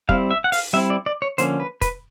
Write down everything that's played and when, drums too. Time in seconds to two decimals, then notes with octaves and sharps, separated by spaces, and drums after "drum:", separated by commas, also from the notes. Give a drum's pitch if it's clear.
0.09 G3 C4 E4 F5, drum: kick
0.31 E5
0.44 F#5
0.52 F5, drum: open hi-hat
0.73 G3 C4 E4 E5
0.90 D5
1.06 D5
1.22 C#5
1.38 D3 F3 A#3 C#4 C5, drum: hi-hat
1.60 B4
1.81 B4, drum: kick, hi-hat